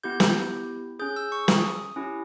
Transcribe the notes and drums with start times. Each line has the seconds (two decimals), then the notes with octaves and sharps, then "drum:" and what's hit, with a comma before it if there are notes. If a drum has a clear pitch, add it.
0.04 B3 E4 G4 G6
0.20 drum: snare
0.99 C#4 G#4 G6
1.16 E6
1.32 C#6
1.48 D#6, drum: snare
1.96 C#4 E4 G4